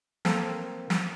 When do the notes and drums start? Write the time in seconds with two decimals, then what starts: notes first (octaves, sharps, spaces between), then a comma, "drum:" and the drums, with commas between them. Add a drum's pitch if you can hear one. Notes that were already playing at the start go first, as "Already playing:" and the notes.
0.25 A#3 C4 A4 A#4 C5, drum: snare
0.90 drum: snare